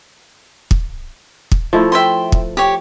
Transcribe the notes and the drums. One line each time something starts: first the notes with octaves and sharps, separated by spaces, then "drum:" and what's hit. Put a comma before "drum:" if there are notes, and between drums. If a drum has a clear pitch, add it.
drum: kick
drum: kick
F3 A3 E4
E5 G5 C6
drum: kick
G4 C#5